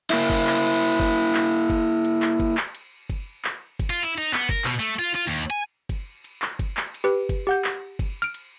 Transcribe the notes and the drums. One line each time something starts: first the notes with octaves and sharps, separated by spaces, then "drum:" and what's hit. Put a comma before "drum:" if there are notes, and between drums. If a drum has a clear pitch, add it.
A#3 E4, drum: clap
drum: kick F#1, cymbal
drum: clap
drum: cymbal
drum: kick F#1
drum: clap
drum: kick F#1, cymbal
drum: cymbal
drum: clap
drum: kick F#1, cymbal
drum: clap
drum: cymbal
drum: kick F#1, cymbal
drum: clap
drum: kick F#1, cymbal
F4
E4
D#4
B3, drum: clap
A#4, drum: kick F#1, cymbal
B2, drum: clap
A3
F4
F4
D#2
G#5
drum: kick F#1, cymbal
drum: cymbal
drum: clap
drum: kick F#1, cymbal
drum: clap
drum: cymbal
G4 B4
drum: kick F#1, cymbal
G4 F#5 G6
drum: clap
drum: kick F#1, cymbal
F6 D7
drum: cymbal